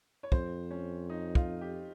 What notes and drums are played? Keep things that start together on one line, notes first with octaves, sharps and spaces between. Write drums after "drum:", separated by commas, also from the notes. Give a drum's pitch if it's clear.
C#5
F2 C5, drum: kick
C#4
D#4
F4, drum: kick
G4